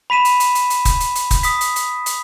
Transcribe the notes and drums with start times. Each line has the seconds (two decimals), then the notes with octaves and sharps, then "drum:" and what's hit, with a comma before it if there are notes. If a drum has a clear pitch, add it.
0.10 B5 B6 D#7 E7
0.25 drum: hi-hat
0.40 drum: hi-hat
0.55 drum: hi-hat
0.70 drum: hi-hat
0.85 drum: kick, hi-hat
1.00 drum: hi-hat
1.16 drum: hi-hat
1.31 drum: kick, hi-hat
1.43 D#6 B6, drum: hi-hat
1.61 drum: hi-hat
1.76 drum: hi-hat
2.06 drum: hi-hat